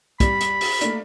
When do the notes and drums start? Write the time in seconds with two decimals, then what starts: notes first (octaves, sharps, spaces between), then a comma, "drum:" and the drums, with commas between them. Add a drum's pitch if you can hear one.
0.20 G3 B5, drum: kick, hi-hat
0.41 drum: hi-hat
0.61 drum: open hi-hat
0.81 A3 A#3 D4, drum: hi-hat